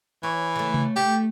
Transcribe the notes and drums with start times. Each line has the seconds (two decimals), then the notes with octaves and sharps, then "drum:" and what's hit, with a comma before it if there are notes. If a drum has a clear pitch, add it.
0.23 E3 C#5
0.56 C#3 A3
0.74 drum: tom C3
0.96 A3 G4